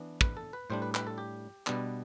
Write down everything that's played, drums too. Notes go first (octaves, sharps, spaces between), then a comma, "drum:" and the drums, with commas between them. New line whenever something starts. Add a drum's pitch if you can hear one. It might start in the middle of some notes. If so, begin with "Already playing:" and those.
Already playing: E3 B3 D4
B4, drum: kick
A4
B4
A2 G3 D4 C5
B4
B4, drum: clap
A4
G4
B2 G3 B3 D4, drum: clap